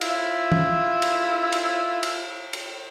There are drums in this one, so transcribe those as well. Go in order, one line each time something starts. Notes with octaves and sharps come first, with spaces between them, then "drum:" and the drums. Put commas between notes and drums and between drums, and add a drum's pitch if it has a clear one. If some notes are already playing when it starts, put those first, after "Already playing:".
E4 F4, drum: cymbal
drum: tom
drum: cymbal
drum: cymbal
drum: cymbal
drum: cymbal